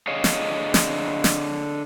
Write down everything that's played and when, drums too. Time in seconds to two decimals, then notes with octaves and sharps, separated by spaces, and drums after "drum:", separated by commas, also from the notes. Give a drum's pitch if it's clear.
0.07 D3 G#4 C#5 D#5 F5
0.24 drum: snare
0.74 drum: snare
1.24 drum: snare